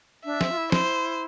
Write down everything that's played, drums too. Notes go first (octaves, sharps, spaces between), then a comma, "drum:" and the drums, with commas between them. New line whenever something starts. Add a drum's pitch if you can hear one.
D4 E5
C4, drum: snare
F4
E4
C5, drum: snare